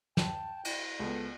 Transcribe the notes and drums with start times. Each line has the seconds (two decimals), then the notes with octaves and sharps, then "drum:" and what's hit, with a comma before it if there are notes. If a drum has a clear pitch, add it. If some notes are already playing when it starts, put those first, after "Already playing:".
0.17 G5 A5, drum: snare
0.65 E4, drum: cymbal
1.00 C#2 B3 A4